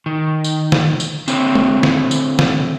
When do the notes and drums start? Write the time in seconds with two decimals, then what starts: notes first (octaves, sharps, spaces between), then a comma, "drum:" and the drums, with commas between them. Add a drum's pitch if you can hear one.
0.06 D#3
0.44 drum: tambourine
0.72 drum: snare
1.00 drum: tambourine
1.28 D3 C4 E4 C5 C#5, drum: tambourine
1.55 drum: tom
1.83 drum: snare
2.11 drum: tambourine
2.39 drum: snare